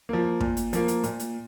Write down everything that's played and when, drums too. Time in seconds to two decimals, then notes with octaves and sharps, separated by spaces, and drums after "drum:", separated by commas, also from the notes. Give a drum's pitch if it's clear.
0.09 F3 A#3
0.40 A#2, drum: kick
0.57 drum: hi-hat
0.73 F3 A#3, drum: hi-hat
0.88 drum: hi-hat
1.04 A#2, drum: hi-hat
1.20 drum: hi-hat